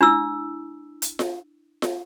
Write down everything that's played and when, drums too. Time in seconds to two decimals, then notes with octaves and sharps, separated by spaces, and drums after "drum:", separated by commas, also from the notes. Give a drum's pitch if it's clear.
0.01 D4 E4 E6
1.02 drum: hi-hat
1.19 drum: snare F4
1.82 drum: snare F4